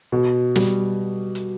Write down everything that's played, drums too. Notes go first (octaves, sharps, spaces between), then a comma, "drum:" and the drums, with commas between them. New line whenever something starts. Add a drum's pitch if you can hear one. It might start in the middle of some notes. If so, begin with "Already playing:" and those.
B2
G3, drum: snare
drum: hi-hat